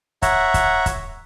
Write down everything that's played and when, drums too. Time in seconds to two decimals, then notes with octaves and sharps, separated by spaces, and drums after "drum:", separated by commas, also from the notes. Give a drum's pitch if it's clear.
0.22 C#5 E5 F#5 A#5, drum: kick, hi-hat
0.54 drum: kick, hi-hat
0.86 drum: kick, hi-hat